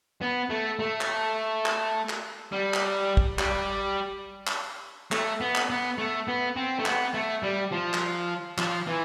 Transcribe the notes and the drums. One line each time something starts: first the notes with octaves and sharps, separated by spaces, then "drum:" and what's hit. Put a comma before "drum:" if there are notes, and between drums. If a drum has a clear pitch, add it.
B3
A3
A3
drum: clap
drum: clap
drum: clap
G3
drum: clap
drum: kick
G3, drum: clap
drum: clap
A3, drum: clap
B3
drum: clap
B3
A3
B3
C4
A3
B3, drum: clap
A3
G3
F3
drum: clap
F3, drum: clap
E3